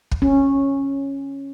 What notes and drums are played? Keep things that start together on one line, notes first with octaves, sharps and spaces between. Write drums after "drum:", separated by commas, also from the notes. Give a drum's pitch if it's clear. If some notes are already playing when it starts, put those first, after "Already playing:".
drum: kick
C#4